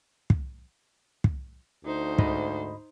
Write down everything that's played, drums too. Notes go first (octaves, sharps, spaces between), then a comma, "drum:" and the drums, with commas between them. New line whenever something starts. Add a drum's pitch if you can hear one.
drum: kick
drum: kick
D2 D#4 C5
G#2 D#5 B5, drum: kick